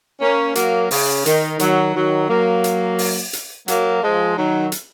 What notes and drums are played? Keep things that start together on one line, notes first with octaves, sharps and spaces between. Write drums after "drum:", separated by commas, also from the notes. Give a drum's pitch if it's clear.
A#3 C#4
F#3 A#3, drum: hi-hat
C#3, drum: open hi-hat
D#3, drum: hi-hat
D#3 F#3, drum: hi-hat
D#3 F#3
F#3 A#3
drum: hi-hat
drum: open hi-hat
drum: hi-hat
F#3 A#3, drum: hi-hat
F3 G#3
D#3 F#3
drum: hi-hat